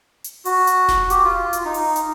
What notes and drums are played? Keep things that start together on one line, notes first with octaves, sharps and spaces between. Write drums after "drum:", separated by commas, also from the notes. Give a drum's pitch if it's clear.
drum: hi-hat
F#4, drum: open hi-hat
drum: hi-hat
drum: snare E1
G4, drum: hi-hat
F4
drum: hi-hat
D#4
drum: open hi-hat
drum: hi-hat